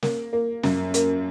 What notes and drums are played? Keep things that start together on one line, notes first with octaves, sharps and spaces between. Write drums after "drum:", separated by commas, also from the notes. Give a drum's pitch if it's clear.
A#3, drum: snare
A#3
F#2, drum: snare
A#3, drum: hi-hat